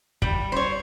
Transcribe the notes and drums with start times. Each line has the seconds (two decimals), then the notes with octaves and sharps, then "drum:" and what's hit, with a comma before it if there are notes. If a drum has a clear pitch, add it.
0.22 G3, drum: kick
0.52 C5 C#5